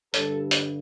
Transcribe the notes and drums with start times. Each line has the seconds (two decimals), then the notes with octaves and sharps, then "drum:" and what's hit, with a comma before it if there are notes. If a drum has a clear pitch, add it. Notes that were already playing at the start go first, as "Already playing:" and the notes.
0.14 G2 D3 G3 A4, drum: hi-hat
0.51 drum: hi-hat